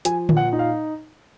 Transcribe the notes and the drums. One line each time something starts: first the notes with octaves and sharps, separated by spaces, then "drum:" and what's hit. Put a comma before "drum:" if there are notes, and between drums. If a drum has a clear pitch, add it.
F3 G#5, drum: hi-hat
A#2, drum: tom D3
F#5
D#4
F5